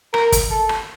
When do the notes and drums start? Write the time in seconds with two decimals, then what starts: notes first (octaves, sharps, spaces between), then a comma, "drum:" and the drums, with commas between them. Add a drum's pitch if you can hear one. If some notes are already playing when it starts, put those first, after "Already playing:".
0.14 A#4, drum: rim click
0.32 drum: kick, hi-hat
0.51 A4
0.69 drum: rim click